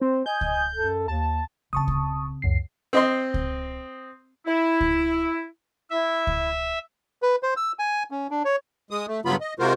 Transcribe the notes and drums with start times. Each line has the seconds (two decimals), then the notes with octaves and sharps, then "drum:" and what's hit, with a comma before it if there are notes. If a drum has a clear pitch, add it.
0.01 C4 C5
0.26 D#5 G#5 G6
0.41 drum: kick C#2
0.75 F#2 A4
1.08 D#2 A5
1.73 C#3 C4 A5 C#6 D#6
1.88 drum: kick C#2
2.42 C#2 F#2 C7
2.93 C4 D#5 C6
3.34 drum: kick C#2
4.46 E4
4.81 drum: kick C#2
5.90 E4 E5
6.27 drum: kick C#2
7.22 B4
7.43 C5
7.57 E6
7.79 G#5
8.11 C#4
8.31 D4
8.45 C#5
8.91 G#3 D#6
9.08 A3
9.25 G2 C#3 F#3 B3 F4 B5
9.41 D#5
9.59 C3 G#3 F4 F#4 A#4 C5